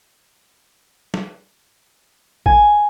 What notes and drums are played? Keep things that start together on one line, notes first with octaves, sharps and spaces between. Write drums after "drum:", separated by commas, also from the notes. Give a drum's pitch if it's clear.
drum: snare
G#5, drum: kick A1